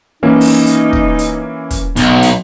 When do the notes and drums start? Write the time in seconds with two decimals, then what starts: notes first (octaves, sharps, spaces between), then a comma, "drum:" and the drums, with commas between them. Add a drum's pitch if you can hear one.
0.23 E3 A#3 C#4 D#4
0.41 drum: open hi-hat
0.67 drum: hi-hat
0.93 drum: kick
1.19 drum: hi-hat
1.71 drum: kick, hi-hat
1.96 B1 D#4, drum: hi-hat
2.22 drum: hi-hat